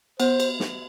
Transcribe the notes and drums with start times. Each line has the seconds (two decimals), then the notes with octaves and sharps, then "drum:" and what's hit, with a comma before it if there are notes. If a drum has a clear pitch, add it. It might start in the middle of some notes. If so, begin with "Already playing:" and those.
0.20 B3 C5, drum: cymbal
0.40 drum: cymbal
0.60 drum: snare